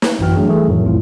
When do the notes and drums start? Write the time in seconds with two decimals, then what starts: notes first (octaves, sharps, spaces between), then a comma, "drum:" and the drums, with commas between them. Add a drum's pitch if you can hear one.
0.02 drum: snare
0.19 A1 F#2 E3 F#4 G5 F6
0.36 F#3 A3 D4 G#4
0.48 E3 G3 A3 G#4 A4
0.68 F2 A2 D#3 F#3
0.84 C2 F2 A2 F4